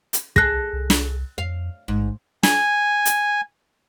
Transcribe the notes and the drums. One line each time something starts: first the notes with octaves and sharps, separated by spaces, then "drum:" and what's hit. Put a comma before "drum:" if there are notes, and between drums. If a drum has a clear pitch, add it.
drum: hi-hat
C2 G#4 A4 F#6 A#6, drum: kick
C2
drum: snare
F2 F5
A1 G#2
G#5, drum: snare
drum: hi-hat